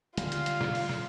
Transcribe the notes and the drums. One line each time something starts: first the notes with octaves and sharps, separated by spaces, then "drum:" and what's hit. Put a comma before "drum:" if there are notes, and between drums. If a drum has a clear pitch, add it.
D3 G3 G#3 F4 F5, drum: hi-hat
drum: hi-hat
drum: hi-hat
drum: snare
drum: open hi-hat
drum: snare